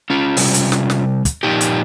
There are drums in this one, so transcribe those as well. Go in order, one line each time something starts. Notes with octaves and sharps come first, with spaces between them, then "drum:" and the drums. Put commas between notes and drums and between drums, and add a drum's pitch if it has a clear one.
C#4 F4
C3 G3, drum: open hi-hat
drum: hi-hat
drum: snare
drum: snare
drum: kick, hi-hat
A#2 F3 D#4 G4
drum: hi-hat